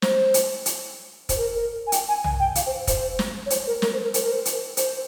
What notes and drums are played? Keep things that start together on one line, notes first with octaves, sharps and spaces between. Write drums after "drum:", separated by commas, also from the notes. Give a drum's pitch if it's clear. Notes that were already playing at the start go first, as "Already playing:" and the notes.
C5, drum: snare
drum: hi-hat
drum: hi-hat
C5, drum: kick, hi-hat
A#4
A#4
G#5
G5, drum: hi-hat
G#5
G#5, drum: tom
G5
F5, drum: hi-hat
C5
C5, drum: kick, hi-hat
drum: snare
C#5
C5, drum: hi-hat
A#4
A#4, drum: snare
C5
A#4
C5, drum: hi-hat
A#4
C5
drum: hi-hat
C5, drum: hi-hat